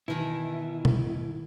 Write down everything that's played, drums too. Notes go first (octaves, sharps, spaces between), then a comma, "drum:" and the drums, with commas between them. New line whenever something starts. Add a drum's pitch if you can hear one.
B2 D#3 E3 E4
drum: tom B2